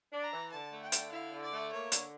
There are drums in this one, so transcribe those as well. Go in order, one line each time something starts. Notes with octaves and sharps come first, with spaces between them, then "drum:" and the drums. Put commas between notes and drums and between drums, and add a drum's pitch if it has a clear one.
D4
A#5
E3
D3 A5
A3
G5
D3, drum: hi-hat
E4 F5
D3
D5
A3
A#3 C#5
D3, drum: hi-hat